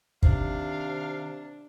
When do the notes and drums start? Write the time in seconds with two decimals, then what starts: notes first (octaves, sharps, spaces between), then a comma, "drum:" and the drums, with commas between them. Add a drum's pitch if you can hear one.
0.23 C3 D#3 D4 F5, drum: kick